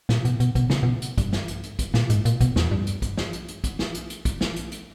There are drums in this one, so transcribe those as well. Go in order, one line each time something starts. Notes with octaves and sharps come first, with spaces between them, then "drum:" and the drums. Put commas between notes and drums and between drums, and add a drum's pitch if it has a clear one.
A#2, drum: snare
B2, drum: hi-hat
B2, drum: hi-hat
B2, drum: kick, hi-hat
C#3, drum: snare
B2
drum: hi-hat
G2, drum: kick, hi-hat
drum: snare
drum: hi-hat
drum: hi-hat
drum: kick, hi-hat
A#2, drum: snare
G#2, drum: hi-hat
A#2, drum: hi-hat
B2, drum: kick, hi-hat
E2, drum: snare
G2
drum: hi-hat
drum: kick, hi-hat
drum: snare
drum: hi-hat
drum: hi-hat
drum: kick, hi-hat
drum: snare
drum: hi-hat
drum: hi-hat
drum: kick, hi-hat
drum: snare
drum: hi-hat
drum: hi-hat